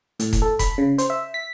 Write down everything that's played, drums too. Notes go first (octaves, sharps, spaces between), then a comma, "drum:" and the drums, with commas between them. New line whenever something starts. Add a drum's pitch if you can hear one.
A2, drum: hi-hat
drum: kick E1, hi-hat
A4
B5, drum: kick E1, hi-hat
C#3
C5, drum: hi-hat
E5
B6